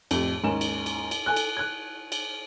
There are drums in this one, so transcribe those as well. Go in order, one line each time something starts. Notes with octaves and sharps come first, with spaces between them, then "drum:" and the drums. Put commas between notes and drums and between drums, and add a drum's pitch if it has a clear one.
F2 A2 G4, drum: cymbal
D#2 G#2 C#4 G#5 E7
drum: cymbal
drum: cymbal
drum: cymbal
A4 G#5 F#6
drum: cymbal
F#6 G#6
drum: cymbal